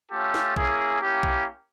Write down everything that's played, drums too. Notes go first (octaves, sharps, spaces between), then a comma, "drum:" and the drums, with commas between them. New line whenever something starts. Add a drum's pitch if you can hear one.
A3 C#4 F4 G4 A4
drum: snare
A#3 C#4 E4 G#4, drum: kick B1
A#3 C#4 E4 G4
drum: kick B1